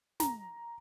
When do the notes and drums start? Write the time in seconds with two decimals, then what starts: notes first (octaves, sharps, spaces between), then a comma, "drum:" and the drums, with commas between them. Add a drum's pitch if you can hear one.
0.20 A#5, drum: snare